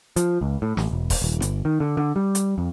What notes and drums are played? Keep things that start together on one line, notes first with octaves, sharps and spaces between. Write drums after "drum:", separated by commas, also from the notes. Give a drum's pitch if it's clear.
F3, drum: hi-hat
C#2
A2
A1, drum: snare
E1
drum: kick D#1, open hi-hat
D#1
G1, drum: hi-hat
D#3
D3
D3
G3
drum: hi-hat
F2